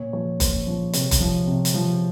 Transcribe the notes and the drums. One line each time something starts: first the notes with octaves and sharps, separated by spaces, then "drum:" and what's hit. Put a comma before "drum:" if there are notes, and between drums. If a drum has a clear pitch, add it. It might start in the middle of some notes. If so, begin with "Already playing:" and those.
Already playing: A#2 C#5
F3 C#5
A#2 C5, drum: kick F#1, hi-hat
F3
C3 C#5, drum: hi-hat
drum: kick F#1, hi-hat
F3
C3
drum: hi-hat
F3